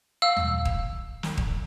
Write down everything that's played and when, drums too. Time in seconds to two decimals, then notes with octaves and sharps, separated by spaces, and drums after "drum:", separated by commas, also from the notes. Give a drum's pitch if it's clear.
0.22 F5 E6
0.36 drum: tom D#2
0.65 drum: kick D#1
1.23 drum: snare
1.38 drum: kick D#1